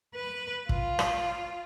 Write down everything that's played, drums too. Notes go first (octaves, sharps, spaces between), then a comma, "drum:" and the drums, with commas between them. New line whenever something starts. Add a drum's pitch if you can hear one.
B4
F4, drum: kick
drum: rim click